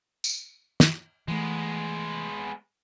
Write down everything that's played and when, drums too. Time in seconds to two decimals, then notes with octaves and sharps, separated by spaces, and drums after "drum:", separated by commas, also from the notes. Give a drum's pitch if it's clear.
0.24 drum: tambourine
0.80 drum: snare
1.28 E3 G#3 A3 B3